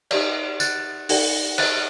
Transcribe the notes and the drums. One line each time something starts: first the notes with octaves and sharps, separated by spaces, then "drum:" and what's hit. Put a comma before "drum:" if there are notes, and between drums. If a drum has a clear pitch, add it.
D#4 G4 D5, drum: cymbal
F#6 A6, drum: tambourine
D#4 G4 D5, drum: open hi-hat
F#6 A6, drum: cymbal